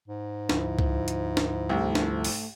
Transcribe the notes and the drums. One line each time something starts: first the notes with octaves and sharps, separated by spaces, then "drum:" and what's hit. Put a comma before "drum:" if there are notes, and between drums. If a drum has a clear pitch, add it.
G#2
D2 F3 E4, drum: snare
drum: kick C2
drum: hi-hat
drum: snare
C2 A3
drum: snare
drum: open hi-hat